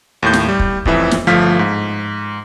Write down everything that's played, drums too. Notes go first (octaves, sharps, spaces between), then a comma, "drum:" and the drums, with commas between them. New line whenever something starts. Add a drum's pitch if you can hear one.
D#2 A2 G6
drum: snare
G3
drum: kick
A1 F2 E3 E5, drum: kick
drum: snare
G1 F3 A3 F5 F6 B6
G#2